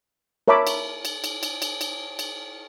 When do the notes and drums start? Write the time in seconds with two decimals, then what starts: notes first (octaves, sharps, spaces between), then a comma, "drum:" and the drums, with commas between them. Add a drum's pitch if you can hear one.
0.48 A#4 C#5 E5 A5 B5 D6
0.67 drum: cymbal
1.05 drum: cymbal
1.24 drum: cymbal
1.43 drum: cymbal
1.62 drum: cymbal
1.81 drum: cymbal
2.19 drum: cymbal